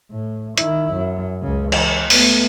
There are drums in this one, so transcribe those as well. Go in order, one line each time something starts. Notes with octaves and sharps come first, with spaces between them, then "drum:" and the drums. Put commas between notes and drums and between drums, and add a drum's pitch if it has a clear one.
A2
D#3 E4, drum: hi-hat
F#2
C#2 C#3
E3, drum: cymbal
A3 B3, drum: open hi-hat